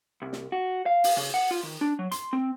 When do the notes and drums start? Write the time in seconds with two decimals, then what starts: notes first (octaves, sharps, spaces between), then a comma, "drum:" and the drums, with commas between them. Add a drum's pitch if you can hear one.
0.22 C2
0.33 drum: snare
0.52 F#4
0.86 F5
1.04 drum: open hi-hat
1.17 C#3
1.34 F#5
1.51 F4
1.63 D#3
1.81 D4
1.99 F#3
2.11 C6, drum: hi-hat
2.33 C4